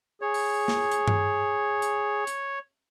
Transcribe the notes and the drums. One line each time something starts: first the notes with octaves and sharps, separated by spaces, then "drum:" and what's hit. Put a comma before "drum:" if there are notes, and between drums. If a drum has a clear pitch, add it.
G#4 C#5
drum: open hi-hat
drum: snare
drum: hi-hat
drum: tom G2
drum: hi-hat
drum: hi-hat